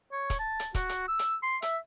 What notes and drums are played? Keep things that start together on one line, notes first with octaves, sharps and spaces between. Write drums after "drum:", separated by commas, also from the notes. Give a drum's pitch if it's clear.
C#5
drum: kick, hi-hat
A5
drum: hi-hat
F#4, drum: kick, hi-hat
drum: hi-hat
E6
drum: hi-hat
C6
E5, drum: hi-hat